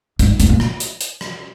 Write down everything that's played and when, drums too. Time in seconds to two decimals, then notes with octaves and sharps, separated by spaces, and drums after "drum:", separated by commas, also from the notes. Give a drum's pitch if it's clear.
0.19 G#2, drum: kick, hi-hat
0.40 G#2, drum: hi-hat
0.50 A#2
0.60 drum: rim click
0.80 drum: hi-hat
1.01 drum: hi-hat
1.21 drum: rim click